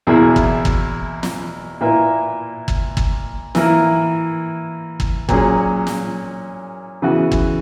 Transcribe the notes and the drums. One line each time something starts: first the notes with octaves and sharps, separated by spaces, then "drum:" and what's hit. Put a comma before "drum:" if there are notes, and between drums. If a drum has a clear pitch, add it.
E2 B2 A#3 E4 G#4
drum: kick
drum: kick
drum: snare
A#2 A#3 E4 B4 E5
drum: kick
drum: kick
E3 A#3 E4 A#4, drum: snare
drum: kick
A#2 F#3 C#4 G#4, drum: kick
drum: snare
C#3 E3 B3 F#4
drum: kick